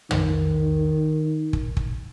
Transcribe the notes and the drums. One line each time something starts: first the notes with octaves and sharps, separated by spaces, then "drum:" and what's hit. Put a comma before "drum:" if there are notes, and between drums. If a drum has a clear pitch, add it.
D#3, drum: tom
drum: kick
drum: kick